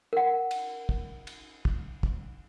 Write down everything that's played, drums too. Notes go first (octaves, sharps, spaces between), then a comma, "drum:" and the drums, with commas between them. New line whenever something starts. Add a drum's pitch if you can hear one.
A#4 F#5
drum: cymbal
drum: kick
drum: cymbal
drum: kick
drum: kick